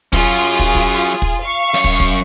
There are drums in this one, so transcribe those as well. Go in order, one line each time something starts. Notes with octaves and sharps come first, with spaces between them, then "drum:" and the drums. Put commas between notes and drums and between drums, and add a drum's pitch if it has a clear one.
F#3 C#4 F4 G#4, drum: kick
drum: kick
drum: kick
drum: kick
F5 C#6
F#2 C#5
drum: kick
drum: kick